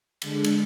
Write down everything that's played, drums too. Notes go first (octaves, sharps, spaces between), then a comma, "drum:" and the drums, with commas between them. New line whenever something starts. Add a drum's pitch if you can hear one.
D3 G#3 D4, drum: cymbal
drum: cymbal